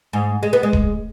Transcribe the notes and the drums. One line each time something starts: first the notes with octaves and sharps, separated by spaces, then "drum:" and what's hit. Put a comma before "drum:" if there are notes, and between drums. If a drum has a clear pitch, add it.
G#2
G#3
B3
G#3
drum: kick D#1